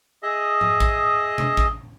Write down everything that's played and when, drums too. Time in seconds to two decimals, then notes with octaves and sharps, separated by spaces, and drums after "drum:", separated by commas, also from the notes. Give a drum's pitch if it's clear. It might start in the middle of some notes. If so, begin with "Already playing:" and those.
0.23 G#4 D#5 E5
0.61 drum: tom G#2
0.80 drum: kick
1.38 drum: tom B2
1.57 drum: kick